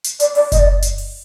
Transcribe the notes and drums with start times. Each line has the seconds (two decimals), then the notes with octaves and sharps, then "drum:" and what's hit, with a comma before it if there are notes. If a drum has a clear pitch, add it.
0.04 drum: hi-hat
0.20 D5, drum: hi-hat
0.35 D5, drum: open hi-hat
0.52 D#5, drum: kick F#1, hi-hat
0.59 D5
0.82 drum: hi-hat
0.98 drum: open hi-hat